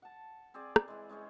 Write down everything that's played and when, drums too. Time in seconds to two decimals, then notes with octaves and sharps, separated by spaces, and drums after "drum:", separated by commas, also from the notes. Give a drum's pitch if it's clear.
0.02 F#5 A5
0.54 C4 G#4 D5
0.76 drum: rim click
0.88 E3 G#3
1.09 G#3 C#4 G#4 C5